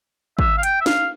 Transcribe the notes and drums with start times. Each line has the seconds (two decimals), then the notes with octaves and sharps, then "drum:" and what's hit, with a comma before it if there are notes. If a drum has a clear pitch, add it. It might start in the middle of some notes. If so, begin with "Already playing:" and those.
0.39 E5, drum: kick
0.58 F5
0.63 G5, drum: hi-hat
0.81 E5
0.86 F5, drum: snare